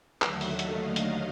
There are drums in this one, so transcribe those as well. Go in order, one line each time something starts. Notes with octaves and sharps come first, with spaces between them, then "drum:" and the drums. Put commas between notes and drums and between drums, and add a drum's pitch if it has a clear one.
D#2 D3 F#3 A3 E5 F#5, drum: clap
drum: open hi-hat
D#5 F5, drum: hi-hat
drum: hi-hat